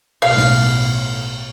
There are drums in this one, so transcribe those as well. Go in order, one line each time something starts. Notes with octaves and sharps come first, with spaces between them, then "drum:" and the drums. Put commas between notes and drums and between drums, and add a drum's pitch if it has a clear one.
B1 A2 F5, drum: cymbal
drum: snare